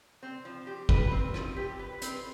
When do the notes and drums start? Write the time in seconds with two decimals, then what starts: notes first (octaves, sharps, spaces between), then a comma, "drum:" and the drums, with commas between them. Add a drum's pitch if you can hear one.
0.23 C4
0.45 F3
0.67 G4
0.89 B4, drum: kick
1.11 C4
1.34 F3, drum: rim click
1.56 G4
1.79 B4
2.02 C4, drum: hi-hat